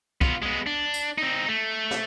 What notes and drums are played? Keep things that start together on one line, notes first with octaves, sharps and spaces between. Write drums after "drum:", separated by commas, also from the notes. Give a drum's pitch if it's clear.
B3 F4, drum: kick
G#3 B3
D4
drum: tambourine
C4 D#4
A3
drum: snare